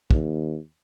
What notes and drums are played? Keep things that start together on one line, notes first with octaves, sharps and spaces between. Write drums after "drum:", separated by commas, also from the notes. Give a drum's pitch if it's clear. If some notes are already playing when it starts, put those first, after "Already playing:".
D#2, drum: kick